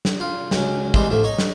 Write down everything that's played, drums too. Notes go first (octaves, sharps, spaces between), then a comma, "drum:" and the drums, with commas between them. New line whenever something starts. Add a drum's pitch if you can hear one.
drum: snare
F4
C#2 F#3 C#4, drum: snare
E3 G3 G#3 C4 D#4, drum: kick
A2 D3 F3 A3
D#4 C#5 D#5
drum: snare